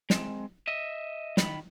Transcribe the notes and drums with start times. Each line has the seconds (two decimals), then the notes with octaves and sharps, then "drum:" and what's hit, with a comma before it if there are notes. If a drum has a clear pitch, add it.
0.10 G#3 C4, drum: snare
0.68 D#5 E5
1.37 D#3 B5, drum: snare